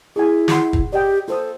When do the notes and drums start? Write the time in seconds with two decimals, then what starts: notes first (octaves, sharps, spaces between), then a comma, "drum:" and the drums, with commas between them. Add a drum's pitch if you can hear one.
0.16 E4 G#4 G#5
0.48 F#4 C6, drum: snare
0.73 drum: kick
0.93 G4 D5 D#5 G5
1.28 F4 A4 C5 D#6